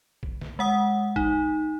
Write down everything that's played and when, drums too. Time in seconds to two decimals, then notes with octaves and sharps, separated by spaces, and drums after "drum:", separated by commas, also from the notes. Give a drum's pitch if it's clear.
0.23 drum: kick
0.41 drum: snare
0.59 G#3 F#5 D#6
1.16 D#4, drum: kick